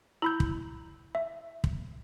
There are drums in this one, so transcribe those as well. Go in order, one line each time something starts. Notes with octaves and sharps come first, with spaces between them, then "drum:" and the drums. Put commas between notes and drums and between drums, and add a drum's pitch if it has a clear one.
E4 A#5 B5 G6
drum: kick
E5
drum: kick